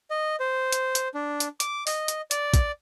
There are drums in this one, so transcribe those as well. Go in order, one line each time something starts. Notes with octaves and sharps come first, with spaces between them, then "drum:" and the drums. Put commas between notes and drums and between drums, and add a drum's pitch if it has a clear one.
D#5
C5
drum: hi-hat
drum: hi-hat
D4
drum: hi-hat
D6, drum: hi-hat
D#5, drum: open hi-hat
drum: hi-hat
D5, drum: hi-hat
drum: kick, hi-hat